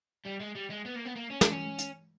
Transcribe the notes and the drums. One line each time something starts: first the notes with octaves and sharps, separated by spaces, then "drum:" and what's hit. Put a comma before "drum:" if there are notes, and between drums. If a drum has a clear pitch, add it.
G3
G#3
G3
G#3
B3
A#3
B3
A#3
C#4
D4, drum: snare
C#4
drum: hi-hat